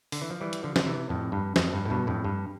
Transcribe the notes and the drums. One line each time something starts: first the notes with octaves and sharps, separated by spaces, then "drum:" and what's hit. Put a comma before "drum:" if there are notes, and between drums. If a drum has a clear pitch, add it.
D3, drum: open hi-hat
E3
F3
E3 G3
drum: hi-hat
D3 F3
D3, drum: snare
C3 E3
F2 A2
G2
F2, drum: snare
G2
A2
G2 B2
F2 A2
G2